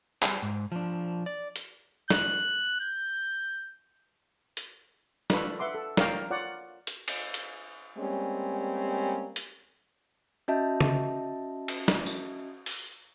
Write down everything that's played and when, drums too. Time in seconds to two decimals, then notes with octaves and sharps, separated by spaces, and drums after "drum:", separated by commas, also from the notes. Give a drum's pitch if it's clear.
0.22 G3 G#4, drum: clap
0.42 G#2
0.72 F3 D4
1.26 D5
1.56 drum: hi-hat
2.10 F#6, drum: snare
2.81 G6
4.57 drum: hi-hat
5.30 D4 F4 A4 B4 B5 C#6, drum: snare
5.59 B4 E5 F#5 C6 D6
5.75 A4
5.97 A#4 C#5 D5 F5 G5 A#5, drum: snare
6.30 F4 C#5 D5 F#5
6.87 drum: hi-hat
7.08 drum: cymbal
7.34 drum: hi-hat
7.98 G3 G#3 A#3 C4 C#4
9.36 drum: hi-hat
10.48 C#4 F#4 D#5 E5 A5
10.81 drum: tom C#3
11.68 drum: cymbal
11.88 drum: snare
12.06 drum: tambourine
12.66 drum: open hi-hat